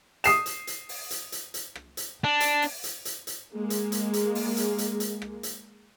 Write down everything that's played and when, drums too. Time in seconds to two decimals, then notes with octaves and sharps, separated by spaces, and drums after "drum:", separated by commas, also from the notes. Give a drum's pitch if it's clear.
0.24 D#6 C7 E7, drum: hi-hat
0.46 drum: hi-hat
0.67 drum: hi-hat
0.89 drum: open hi-hat
1.11 drum: hi-hat
1.32 drum: hi-hat
1.54 drum: hi-hat
1.75 drum: rim click
1.97 drum: hi-hat
2.24 D4
2.40 drum: hi-hat
2.62 drum: open hi-hat
2.84 drum: hi-hat
3.05 drum: hi-hat
3.27 drum: hi-hat
3.54 G#3 A#3
3.70 drum: hi-hat
3.92 drum: hi-hat
4.13 drum: hi-hat
4.35 drum: open hi-hat
4.57 drum: hi-hat
4.78 drum: hi-hat
5.00 drum: hi-hat
5.22 drum: rim click
5.43 drum: hi-hat